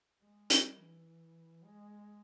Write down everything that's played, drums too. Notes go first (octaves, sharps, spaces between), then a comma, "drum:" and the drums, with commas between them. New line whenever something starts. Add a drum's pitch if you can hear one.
G#3
G3, drum: hi-hat
E3
G#3